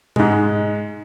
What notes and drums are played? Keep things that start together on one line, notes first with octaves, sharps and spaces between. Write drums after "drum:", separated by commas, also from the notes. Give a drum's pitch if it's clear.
G#2 G#3, drum: tom B2